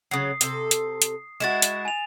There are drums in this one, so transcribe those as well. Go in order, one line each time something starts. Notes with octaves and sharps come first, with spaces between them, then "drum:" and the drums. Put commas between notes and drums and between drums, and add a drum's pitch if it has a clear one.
C#3 F#3 D#6 C7
C3 A4, drum: hi-hat
drum: hi-hat
drum: hi-hat
G#3 E4 F#4 A6 E7
drum: hi-hat
G#5 F7